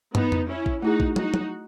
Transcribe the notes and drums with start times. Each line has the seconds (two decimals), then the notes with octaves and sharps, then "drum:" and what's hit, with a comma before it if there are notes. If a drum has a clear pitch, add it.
0.15 B3 D#4, drum: tom
0.32 drum: tom F2
0.49 C#4 E4
0.66 drum: kick A#1
0.82 A3 D#4 E4 F#4 G#4
1.00 drum: kick A#1
1.16 D#4 F#4, drum: tom
1.34 drum: tom